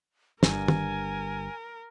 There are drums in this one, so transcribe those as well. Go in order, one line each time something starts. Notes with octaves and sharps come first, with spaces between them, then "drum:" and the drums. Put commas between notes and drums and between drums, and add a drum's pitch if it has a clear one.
G1 G2 A#4 G#5, drum: snare
drum: tom